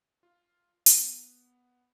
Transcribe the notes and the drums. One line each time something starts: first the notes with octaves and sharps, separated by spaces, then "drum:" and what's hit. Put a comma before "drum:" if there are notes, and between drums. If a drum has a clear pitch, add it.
F4
B3, drum: hi-hat